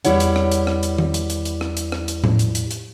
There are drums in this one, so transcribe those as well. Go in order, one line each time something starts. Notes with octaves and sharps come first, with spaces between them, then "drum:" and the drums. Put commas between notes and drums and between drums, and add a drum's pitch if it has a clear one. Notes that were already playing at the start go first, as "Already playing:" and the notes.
E2 G3 E4 C#5 F#5, drum: hi-hat
drum: hi-hat
drum: rim click
drum: hi-hat
drum: rim click
drum: hi-hat
drum: tom D#3
drum: hi-hat
drum: hi-hat
drum: hi-hat
drum: rim click
drum: hi-hat
drum: rim click
drum: hi-hat
drum: tom A2
drum: hi-hat
drum: hi-hat
drum: hi-hat